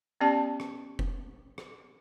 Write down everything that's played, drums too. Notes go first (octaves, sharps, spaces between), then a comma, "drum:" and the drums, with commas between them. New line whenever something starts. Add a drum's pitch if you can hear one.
B3 C#4 G4 D5 A5
drum: rim click
drum: kick F1
drum: rim click